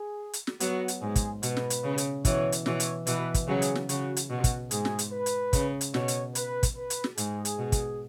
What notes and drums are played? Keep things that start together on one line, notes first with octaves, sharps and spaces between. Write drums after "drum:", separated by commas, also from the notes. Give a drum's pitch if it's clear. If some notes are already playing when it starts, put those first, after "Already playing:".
Already playing: G#4
drum: hi-hat
drum: snare
F#3 B3 F#4, drum: hi-hat
drum: hi-hat
G#2 G#4
drum: kick, hi-hat
B2 B4, drum: hi-hat
drum: snare
drum: hi-hat
C#3
drum: hi-hat
B2 E3 C#5, drum: kick, hi-hat
drum: hi-hat
B2 E3 C#5, drum: snare
drum: hi-hat
B2 E3 B4, drum: hi-hat
drum: kick, hi-hat
C#3 F#3 G#4
drum: hi-hat
drum: snare
C#3 F#4, drum: hi-hat
drum: hi-hat
B2 F#4
drum: kick, hi-hat
G#2 G#4, drum: hi-hat
drum: snare
drum: hi-hat
B4
drum: hi-hat
C#3, drum: kick, hi-hat
drum: hi-hat
B2 C#5, drum: snare
drum: hi-hat
B4, drum: hi-hat
drum: kick, hi-hat
B4
drum: hi-hat
drum: snare
G#2 G#4, drum: hi-hat
drum: hi-hat
B2
drum: kick, hi-hat